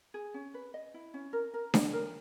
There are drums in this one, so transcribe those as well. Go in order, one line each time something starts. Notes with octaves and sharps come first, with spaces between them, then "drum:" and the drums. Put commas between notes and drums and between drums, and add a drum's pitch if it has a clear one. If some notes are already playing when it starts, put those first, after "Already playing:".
G#4
C#4
B4
D#5
E4
C#4
A#4
A#4
C#5, drum: snare D4
A#4